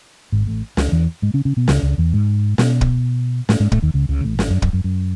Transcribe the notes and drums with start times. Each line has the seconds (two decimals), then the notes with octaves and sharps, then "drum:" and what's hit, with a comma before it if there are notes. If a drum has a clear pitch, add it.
0.32 G#1 G#2
0.47 A1 A2
0.77 C#2 C#3, drum: snare
0.92 E2 E3
1.22 G#2 G#3
1.34 C#3 C#4
1.45 C#3 C#4
1.57 B2 B3
1.68 C#2 C#3, drum: snare
1.82 C#2 C#3
1.98 E2 E3
2.13 G#2 G#3
2.58 B2 B3, drum: snare
2.81 drum: kick
3.49 A2 A3, drum: snare
3.60 G#2 G#3
3.72 A2 A3, drum: kick
3.82 D#2 D#3
3.94 C#2 C#3
4.09 C#2 C#3
4.24 A1 A2
4.39 G#1 G#2, drum: snare
4.51 F#2
4.62 F#2, drum: kick
4.73 F#2
4.84 F#2